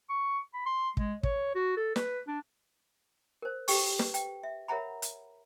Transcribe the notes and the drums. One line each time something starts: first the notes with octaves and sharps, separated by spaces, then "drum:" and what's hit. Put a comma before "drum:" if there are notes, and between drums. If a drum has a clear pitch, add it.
C#6
B5
C6
G#3, drum: kick
C#5, drum: kick
F#4
A4
B4, drum: snare
D4
A#4 C5
G4 A4 G5 C#6, drum: open hi-hat
B4, drum: snare
G5, drum: hi-hat
E5
A#4 C#5 E5 F#5 A#5 B5
drum: hi-hat